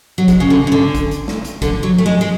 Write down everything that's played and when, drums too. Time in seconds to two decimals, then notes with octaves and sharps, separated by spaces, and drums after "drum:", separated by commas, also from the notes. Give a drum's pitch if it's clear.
0.18 F#3
0.28 G#3, drum: kick, hi-hat
0.40 C#3
0.50 D3
0.67 C#3
0.72 D3
0.95 drum: kick, hi-hat
1.11 drum: hi-hat
1.28 drum: snare
1.45 drum: hi-hat
1.62 D3, drum: kick, hi-hat
1.83 F#3
1.98 A3
2.06 G#3
2.21 G#3